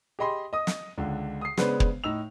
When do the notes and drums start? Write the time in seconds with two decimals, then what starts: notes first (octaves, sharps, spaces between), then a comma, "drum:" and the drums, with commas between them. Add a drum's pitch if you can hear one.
0.19 G4 G#4 D#5 B5 C6
0.53 D#5 D#6
0.67 drum: snare
0.98 C#2 D3
1.41 D#6 C7
1.57 C#3 G#3 B3 D4 B4 C5, drum: snare
1.80 drum: kick
2.04 A2 D#4 E6 F7